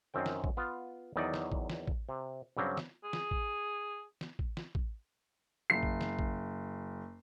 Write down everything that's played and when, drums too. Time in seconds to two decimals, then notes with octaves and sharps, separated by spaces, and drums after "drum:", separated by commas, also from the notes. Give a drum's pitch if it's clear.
0.14 F#2 D#3 C4 G5
0.26 drum: snare
0.44 drum: kick A1
0.57 B3 F4 F5
1.16 E2 D#3 F#3 B3 D#4 D5
1.34 drum: snare
1.52 drum: kick A1
1.70 drum: snare
1.87 drum: kick A1
2.09 C3
2.57 G2 C#3 F#3 G3 C4
2.77 drum: snare
3.04 G#4
3.13 drum: snare
3.31 drum: kick A1
4.21 drum: snare
4.39 drum: kick A1
4.57 drum: snare
4.75 drum: kick A1
5.70 F#1 C7
5.83 drum: kick A1
6.01 drum: snare
6.19 drum: kick A1